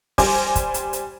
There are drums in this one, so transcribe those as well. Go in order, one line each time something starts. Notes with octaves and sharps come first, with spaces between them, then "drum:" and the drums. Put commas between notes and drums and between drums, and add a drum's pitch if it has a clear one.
G3 C5 G#5 D6, drum: kick, open hi-hat
drum: kick, hi-hat
drum: hi-hat
drum: hi-hat